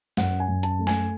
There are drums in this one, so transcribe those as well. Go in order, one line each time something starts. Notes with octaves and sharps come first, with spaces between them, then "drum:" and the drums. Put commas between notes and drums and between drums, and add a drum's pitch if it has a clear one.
F#2 F#5, drum: snare
G#5
F#2
A5, drum: hi-hat
A3
G#5, drum: snare